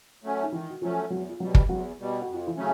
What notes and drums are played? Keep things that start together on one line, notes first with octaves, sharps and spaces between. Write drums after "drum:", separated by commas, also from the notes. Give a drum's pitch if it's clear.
F#3 A3 C#4
D#4
D#3 E3 E4
F#4
F3 F#3 A3 C#4 F4
E2 F#3 F#4
F4
B2 F#3 G3 F#4
drum: kick
E2 F#3 F#4
B2 G3
F#4
F2
F4
E3 E4
C#3 F#3 A3 C#4